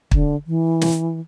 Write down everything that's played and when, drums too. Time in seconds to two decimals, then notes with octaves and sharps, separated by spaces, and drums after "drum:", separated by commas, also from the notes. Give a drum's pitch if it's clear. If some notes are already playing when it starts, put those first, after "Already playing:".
0.11 D3, drum: kick
0.47 E3
0.81 drum: snare